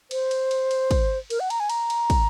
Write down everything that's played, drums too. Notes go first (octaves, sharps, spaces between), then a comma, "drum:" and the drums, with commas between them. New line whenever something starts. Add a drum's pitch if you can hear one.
C5, drum: cymbal
drum: cymbal
drum: cymbal
drum: cymbal
drum: kick, cymbal
A#4, drum: cymbal
F#5
A#5, drum: cymbal
G#5
A#5, drum: cymbal
drum: cymbal
drum: kick, cymbal